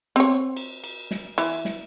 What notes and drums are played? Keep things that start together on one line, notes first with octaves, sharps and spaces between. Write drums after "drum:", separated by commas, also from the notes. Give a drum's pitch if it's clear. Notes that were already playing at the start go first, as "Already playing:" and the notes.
C4 C#5
drum: cymbal
drum: cymbal
drum: snare
E3, drum: cymbal
drum: snare